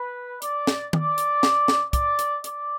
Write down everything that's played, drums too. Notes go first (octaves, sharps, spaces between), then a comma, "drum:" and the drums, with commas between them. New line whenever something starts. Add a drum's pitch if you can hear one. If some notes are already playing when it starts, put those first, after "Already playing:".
Already playing: B4
D5, drum: hi-hat
drum: snare
D5, drum: tom
drum: hi-hat
drum: snare
drum: snare
D5, drum: kick, hi-hat
drum: hi-hat
D5, drum: hi-hat